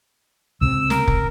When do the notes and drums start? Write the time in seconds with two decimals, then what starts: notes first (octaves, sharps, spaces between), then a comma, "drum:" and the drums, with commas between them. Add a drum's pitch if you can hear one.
0.61 C#2 C3 E6
0.90 A#4, drum: snare
1.07 drum: kick